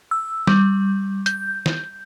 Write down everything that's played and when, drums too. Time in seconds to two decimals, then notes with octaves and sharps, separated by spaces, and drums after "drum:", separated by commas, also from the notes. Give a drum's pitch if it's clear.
0.11 E6
0.47 G3, drum: snare
1.26 G6, drum: hi-hat
1.66 drum: snare